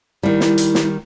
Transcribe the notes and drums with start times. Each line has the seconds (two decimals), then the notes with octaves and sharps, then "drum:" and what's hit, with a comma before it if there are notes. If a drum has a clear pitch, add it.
0.23 D#3 G3 E4
0.41 drum: snare
0.58 drum: hi-hat
0.75 drum: snare